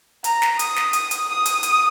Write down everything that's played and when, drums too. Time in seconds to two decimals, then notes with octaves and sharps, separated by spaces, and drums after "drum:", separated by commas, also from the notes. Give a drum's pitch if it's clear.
0.24 A#5, drum: hi-hat
0.42 drum: snare
0.59 D#6, drum: hi-hat
0.76 drum: snare
0.93 D#6, drum: hi-hat
1.11 drum: hi-hat
1.29 D#6
1.46 drum: hi-hat
1.63 drum: hi-hat